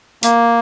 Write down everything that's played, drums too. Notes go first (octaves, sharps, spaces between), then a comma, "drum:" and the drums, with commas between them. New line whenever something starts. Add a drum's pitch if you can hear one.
A#3, drum: hi-hat